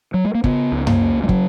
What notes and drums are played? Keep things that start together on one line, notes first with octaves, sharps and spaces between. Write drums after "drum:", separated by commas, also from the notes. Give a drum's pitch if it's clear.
F#3
G#3
A#3
C#3 B3, drum: kick
C#2
A#3, drum: tom F#2
C#3
G#3
F#3, drum: kick